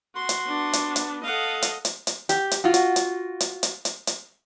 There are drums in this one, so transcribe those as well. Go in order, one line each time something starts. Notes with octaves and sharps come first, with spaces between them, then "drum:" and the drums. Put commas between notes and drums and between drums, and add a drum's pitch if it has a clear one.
F#4 C6
drum: hi-hat
B3 D4
drum: hi-hat
drum: hi-hat
A4 D#5 F5 F#5
drum: hi-hat
drum: hi-hat
drum: hi-hat
G4, drum: hi-hat
drum: hi-hat
F4 F#4
drum: hi-hat
drum: hi-hat
drum: hi-hat
drum: hi-hat
drum: hi-hat
drum: hi-hat